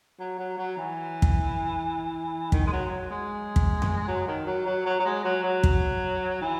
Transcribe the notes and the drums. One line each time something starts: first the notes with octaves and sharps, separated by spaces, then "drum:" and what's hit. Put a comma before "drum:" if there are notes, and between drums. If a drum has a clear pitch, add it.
F#3
F#3
F#3
E3
drum: kick
D#3, drum: kick
G#3
F#3
F#3
G#3
drum: kick
drum: tom F2
F#3
D#3
F#3
F#3
F#3
F#3
G#3
F#3
F#3
drum: kick
E3